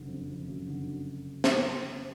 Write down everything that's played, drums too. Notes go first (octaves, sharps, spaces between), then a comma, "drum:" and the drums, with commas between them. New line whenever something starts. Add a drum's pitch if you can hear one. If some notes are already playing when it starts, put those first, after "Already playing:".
Already playing: F#1 D3
F2
F3
F#1
D3
drum: snare